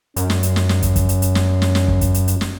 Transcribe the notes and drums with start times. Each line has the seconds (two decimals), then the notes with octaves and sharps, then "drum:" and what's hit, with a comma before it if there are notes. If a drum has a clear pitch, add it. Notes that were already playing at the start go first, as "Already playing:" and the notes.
0.16 F#2 C#4, drum: hi-hat
0.30 drum: snare
0.43 drum: hi-hat
0.56 drum: snare
0.69 drum: snare
0.82 drum: kick, hi-hat
0.96 drum: kick, hi-hat
1.09 drum: hi-hat
1.22 drum: hi-hat
1.35 drum: snare
1.62 drum: snare
1.75 drum: snare
1.88 drum: kick
2.01 drum: kick, hi-hat
2.14 drum: hi-hat
2.28 drum: hi-hat
2.41 drum: snare